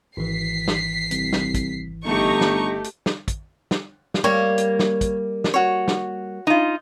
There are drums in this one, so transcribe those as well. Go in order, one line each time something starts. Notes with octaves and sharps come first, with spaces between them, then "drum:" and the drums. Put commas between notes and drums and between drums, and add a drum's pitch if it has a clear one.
G#1 E3 B6 C7
drum: snare
C2, drum: hi-hat
drum: snare
drum: kick, hi-hat
G1 A3 D#4 G4 A#5 C#6
drum: snare
drum: hi-hat
drum: snare
drum: kick, hi-hat
drum: snare
drum: snare
G3 A#3 C#5
drum: hi-hat
drum: snare
drum: kick, hi-hat
drum: snare
F#4 C#5
drum: snare
D#4 F4